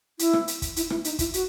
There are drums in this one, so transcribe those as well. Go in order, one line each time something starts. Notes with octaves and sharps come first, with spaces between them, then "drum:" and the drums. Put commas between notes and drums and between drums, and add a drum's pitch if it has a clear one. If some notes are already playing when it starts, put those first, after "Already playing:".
E4, drum: hi-hat
drum: rim click
drum: hi-hat
drum: kick, hi-hat
E4, drum: hi-hat
E4, drum: rim click
D#4, drum: hi-hat
E4, drum: kick, hi-hat
F#4, drum: hi-hat